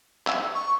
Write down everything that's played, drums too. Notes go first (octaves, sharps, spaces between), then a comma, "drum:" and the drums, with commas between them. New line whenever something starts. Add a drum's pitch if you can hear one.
E6, drum: clap
C#6